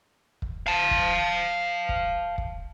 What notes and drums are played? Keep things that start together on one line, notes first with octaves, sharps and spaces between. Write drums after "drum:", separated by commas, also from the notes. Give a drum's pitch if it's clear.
drum: kick
F5 A5
drum: kick
drum: kick
drum: kick